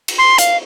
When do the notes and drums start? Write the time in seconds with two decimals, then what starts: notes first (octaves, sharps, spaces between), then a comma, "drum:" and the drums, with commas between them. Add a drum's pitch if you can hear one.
0.08 drum: cymbal
0.18 C6
0.38 F5, drum: hi-hat